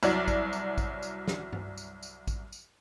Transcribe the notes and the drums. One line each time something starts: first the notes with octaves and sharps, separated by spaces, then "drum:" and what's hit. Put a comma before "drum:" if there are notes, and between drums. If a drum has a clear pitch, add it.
C2 F#3 D5, drum: tambourine
drum: kick A1, tambourine
drum: tambourine
drum: kick A1, tambourine
drum: tambourine
drum: snare
drum: tom G2
drum: tambourine
drum: tambourine
drum: kick A1, tambourine
drum: tambourine